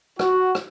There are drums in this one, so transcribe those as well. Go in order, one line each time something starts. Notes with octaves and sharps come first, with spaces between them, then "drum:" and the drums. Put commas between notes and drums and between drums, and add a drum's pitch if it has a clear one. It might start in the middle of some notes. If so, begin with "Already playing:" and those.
F#4, drum: rim click
drum: rim click